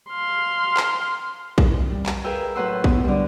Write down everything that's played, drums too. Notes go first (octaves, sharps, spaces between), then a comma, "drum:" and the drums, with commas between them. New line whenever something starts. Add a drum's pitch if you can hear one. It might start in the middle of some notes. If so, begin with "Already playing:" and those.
F5 C6
drum: clap
drum: kick A#1
G3
drum: clap
G#4 A#4 B4 E5 F5 G5
F#2 A2 B4 F#5 C6 E6
B3, drum: kick A#1
D3 G3